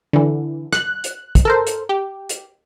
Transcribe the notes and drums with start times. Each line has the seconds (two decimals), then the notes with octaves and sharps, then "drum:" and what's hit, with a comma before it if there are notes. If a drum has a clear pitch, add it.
0.13 D3 E3
0.73 F#6, drum: rim click
1.04 drum: hi-hat
1.35 drum: kick, hi-hat
1.45 A4 A#4 C5
1.67 drum: hi-hat
1.89 G4
2.29 drum: hi-hat